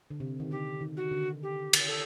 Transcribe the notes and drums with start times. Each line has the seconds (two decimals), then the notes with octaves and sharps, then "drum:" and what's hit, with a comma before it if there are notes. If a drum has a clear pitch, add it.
0.10 D3
0.20 C3
0.40 D#3
0.51 D3 G4
0.81 D#3
0.96 F#4
1.11 D3
1.42 G4
1.73 drum: cymbal
1.87 A4